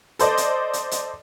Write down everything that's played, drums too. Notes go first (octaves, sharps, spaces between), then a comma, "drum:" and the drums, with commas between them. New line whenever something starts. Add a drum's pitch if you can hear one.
A4 C5 D5 D#5, drum: hi-hat
drum: hi-hat
drum: hi-hat
drum: hi-hat